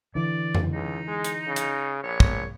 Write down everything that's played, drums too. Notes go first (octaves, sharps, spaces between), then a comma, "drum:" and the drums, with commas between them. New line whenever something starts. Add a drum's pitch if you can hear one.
D3 E3 D5
drum: tom F2
C#2 D#4
G#3
drum: hi-hat
C#3
drum: hi-hat
A#1 C#5
drum: kick